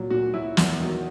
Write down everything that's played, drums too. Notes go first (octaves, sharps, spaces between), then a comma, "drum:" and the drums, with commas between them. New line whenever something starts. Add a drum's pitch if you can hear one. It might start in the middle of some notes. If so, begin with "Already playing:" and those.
Already playing: A#2 F#3
A#2 F#4
F#3 E4
E2, drum: snare
D#3 F#3